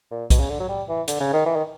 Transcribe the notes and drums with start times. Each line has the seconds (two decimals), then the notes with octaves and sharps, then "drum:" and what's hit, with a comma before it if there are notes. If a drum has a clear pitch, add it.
0.11 A#2
0.30 B2, drum: kick, hi-hat
0.40 C#3
0.50 D3
0.60 F#3
0.69 G3
0.89 E3
1.08 D3, drum: hi-hat
1.20 C#3
1.33 D#3
1.46 E3
1.56 D#3